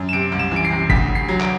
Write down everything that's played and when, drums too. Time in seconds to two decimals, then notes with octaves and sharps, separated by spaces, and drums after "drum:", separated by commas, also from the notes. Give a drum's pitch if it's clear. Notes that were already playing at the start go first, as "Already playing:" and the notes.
Already playing: F#2
0.09 E7
0.13 C3 D7
0.32 C2
0.39 E7
0.52 E3 D7
0.65 C7
0.71 C3
0.90 D2 B6, drum: kick G1
1.09 D2
1.15 C7
1.28 F#3
1.41 D7, drum: clap